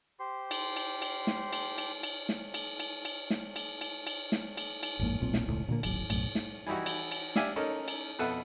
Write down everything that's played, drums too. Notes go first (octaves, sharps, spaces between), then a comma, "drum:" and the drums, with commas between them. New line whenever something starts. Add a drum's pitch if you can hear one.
G4 C5 C6
drum: cymbal
drum: cymbal
drum: cymbal
drum: snare
drum: cymbal
drum: cymbal
drum: cymbal
drum: snare
drum: cymbal
drum: cymbal
drum: cymbal
drum: snare
drum: cymbal
drum: cymbal
drum: cymbal
drum: snare
drum: cymbal
drum: cymbal
A1 F2 G#2 A#3
D#1 B1 A#2 C4
drum: snare
E1 C#2 A2
A#2 D3 D#3 A#3
D1 G#1 F#3, drum: cymbal
B1 F#2 A2, drum: cymbal
drum: snare
E3 G3 D#4 E4 F#4
drum: cymbal
drum: cymbal
D4 G4 E5 F5 G#5, drum: snare
C#4 D#4 A4 A#4
drum: cymbal
F2 B2 A4 B4 E5 F#5